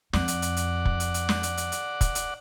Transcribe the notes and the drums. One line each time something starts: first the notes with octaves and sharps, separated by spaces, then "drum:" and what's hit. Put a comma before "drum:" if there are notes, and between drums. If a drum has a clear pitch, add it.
F2 D5 F#5, drum: snare
drum: hi-hat
drum: hi-hat
drum: hi-hat
drum: kick
drum: hi-hat
drum: hi-hat
drum: snare
drum: hi-hat
drum: hi-hat
drum: hi-hat
drum: kick, hi-hat
drum: hi-hat